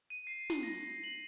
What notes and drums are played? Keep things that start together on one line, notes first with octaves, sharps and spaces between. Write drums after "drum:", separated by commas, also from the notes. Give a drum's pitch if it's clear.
D#7
C7
drum: snare
A#6
F#7